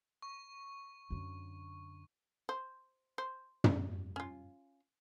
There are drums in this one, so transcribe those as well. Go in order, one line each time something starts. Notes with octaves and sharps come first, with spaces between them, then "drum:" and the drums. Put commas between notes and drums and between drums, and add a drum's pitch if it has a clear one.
C#6
F#2 D3
C5
C5
drum: tom
C#4 F4